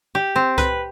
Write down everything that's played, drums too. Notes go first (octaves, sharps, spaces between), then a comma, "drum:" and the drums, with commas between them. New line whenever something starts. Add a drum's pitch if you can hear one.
G4
C4
B4, drum: kick C2, hi-hat